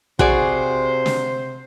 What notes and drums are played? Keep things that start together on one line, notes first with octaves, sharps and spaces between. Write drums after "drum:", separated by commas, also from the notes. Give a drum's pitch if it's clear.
C3 F#4 G#4 C5 D5, drum: kick
drum: snare